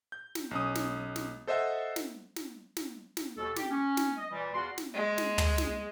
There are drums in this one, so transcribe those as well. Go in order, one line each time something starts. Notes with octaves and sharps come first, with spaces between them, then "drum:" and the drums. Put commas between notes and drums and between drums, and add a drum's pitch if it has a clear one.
G6
drum: snare
B1 C#4 D#6
drum: snare
drum: snare
A4 C5 D#5 E5 F#5
drum: snare
drum: snare
drum: snare
drum: snare
D#2 B2 A4
G4, drum: snare
C#4
drum: snare
D#5
A#2 E3 G3
E2 F4 F#4 D5 F#5 C6
drum: snare
G#3
drum: snare
drum: tom
drum: snare